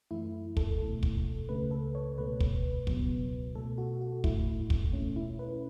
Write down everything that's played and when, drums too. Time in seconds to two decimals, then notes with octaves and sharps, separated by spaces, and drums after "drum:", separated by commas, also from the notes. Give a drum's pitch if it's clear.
0.11 F#2 E3 A3 E4
0.57 A4, drum: kick
0.80 B2 A3
1.03 drum: kick
1.49 C#2 C#3 A3 B4
1.71 A4
1.95 C#5
2.18 C#2 B2 A3 B4
2.40 drum: kick
2.87 C#2 B2 F#3 B3, drum: kick
3.55 B2 A3 A4
3.78 F#4
4.01 F#4
4.24 A2 A3 E4, drum: kick
4.70 drum: kick
4.93 B2 A3 C#4
5.16 E4
5.39 B4